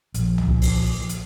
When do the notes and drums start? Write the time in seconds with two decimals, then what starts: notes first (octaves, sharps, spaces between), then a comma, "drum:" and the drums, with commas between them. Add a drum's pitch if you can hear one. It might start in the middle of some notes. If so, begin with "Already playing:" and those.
0.14 A#1, drum: hi-hat
0.38 drum: tom
0.62 drum: open hi-hat
1.09 drum: hi-hat